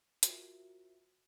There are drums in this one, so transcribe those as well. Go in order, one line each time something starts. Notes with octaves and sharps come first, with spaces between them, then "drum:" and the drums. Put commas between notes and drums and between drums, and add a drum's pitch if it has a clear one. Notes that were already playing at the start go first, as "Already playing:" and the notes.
F4 F#4 A#4 C5 E5, drum: hi-hat